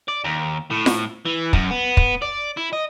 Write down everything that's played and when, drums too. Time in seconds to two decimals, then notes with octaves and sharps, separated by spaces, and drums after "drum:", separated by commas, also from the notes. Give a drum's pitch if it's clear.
0.08 D5
0.25 D#2
0.71 A2
0.86 drum: snare F4
1.25 E3
1.53 F#2, drum: kick
1.71 B3
1.97 drum: kick
2.22 D5
2.57 E4
2.73 D#5